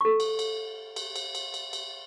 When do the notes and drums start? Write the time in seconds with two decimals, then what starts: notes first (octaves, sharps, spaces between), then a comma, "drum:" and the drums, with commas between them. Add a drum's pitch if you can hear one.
0.01 A4 C#6
0.20 drum: cymbal
0.39 drum: cymbal
0.96 drum: cymbal
1.16 drum: cymbal
1.35 drum: cymbal
1.54 drum: cymbal
1.73 drum: cymbal